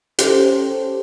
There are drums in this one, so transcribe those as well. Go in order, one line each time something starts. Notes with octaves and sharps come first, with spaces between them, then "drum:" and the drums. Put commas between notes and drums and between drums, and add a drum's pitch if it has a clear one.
C#4 G4 A4 C5, drum: hi-hat